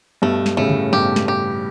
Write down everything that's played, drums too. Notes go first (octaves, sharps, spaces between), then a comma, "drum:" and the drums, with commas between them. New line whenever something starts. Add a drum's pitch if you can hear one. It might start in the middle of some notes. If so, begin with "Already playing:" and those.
G2 B2 A3
drum: snare
A2 C#3 A3
drum: tom C#3
G2 B2 G4
drum: snare
G4